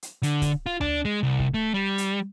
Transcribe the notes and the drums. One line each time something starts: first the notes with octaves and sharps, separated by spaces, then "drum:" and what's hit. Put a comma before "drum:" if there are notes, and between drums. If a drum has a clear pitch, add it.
drum: hi-hat
D3, drum: hi-hat
drum: kick, hi-hat
F4
D4, drum: tom D2
G#3
C2
drum: kick
A3
G3
drum: hi-hat